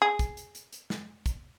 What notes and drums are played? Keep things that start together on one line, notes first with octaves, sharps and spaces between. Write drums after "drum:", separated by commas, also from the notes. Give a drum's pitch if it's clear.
G#4
drum: kick, hi-hat
drum: hi-hat
drum: hi-hat
drum: hi-hat
drum: snare
drum: kick, hi-hat